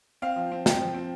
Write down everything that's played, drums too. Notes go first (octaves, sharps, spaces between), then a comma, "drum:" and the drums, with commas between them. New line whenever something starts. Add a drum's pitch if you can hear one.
C4 F5
F3
C4
C4 G5, drum: snare
F3
C4